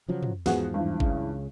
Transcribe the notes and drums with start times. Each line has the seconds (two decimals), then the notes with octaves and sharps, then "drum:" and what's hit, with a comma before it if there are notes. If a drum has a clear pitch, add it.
0.08 C#3 F3 F#3
0.23 drum: tom
0.46 E2 G#2 F3 B3 F#4 G#4, drum: snare
0.74 G2 E3
1.00 C#2 C#3, drum: kick